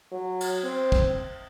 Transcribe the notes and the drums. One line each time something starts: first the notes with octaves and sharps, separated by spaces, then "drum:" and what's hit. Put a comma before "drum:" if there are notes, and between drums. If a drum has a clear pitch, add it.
F#3
drum: cymbal
C4
drum: kick